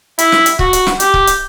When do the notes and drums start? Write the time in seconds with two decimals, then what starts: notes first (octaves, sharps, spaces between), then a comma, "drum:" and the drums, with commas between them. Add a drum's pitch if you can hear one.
0.19 E4, drum: hi-hat
0.32 drum: snare
0.46 drum: hi-hat
0.59 F#4, drum: kick
0.73 drum: hi-hat
0.87 drum: snare
1.00 G4, drum: hi-hat
1.14 drum: kick
1.27 drum: hi-hat